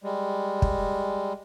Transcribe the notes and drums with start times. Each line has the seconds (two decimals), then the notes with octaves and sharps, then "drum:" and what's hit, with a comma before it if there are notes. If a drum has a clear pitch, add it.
0.03 G3 G#3
0.62 drum: kick